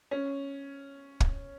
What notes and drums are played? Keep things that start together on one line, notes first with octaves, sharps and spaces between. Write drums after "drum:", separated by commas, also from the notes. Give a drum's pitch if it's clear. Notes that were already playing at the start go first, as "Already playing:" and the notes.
C#4
drum: kick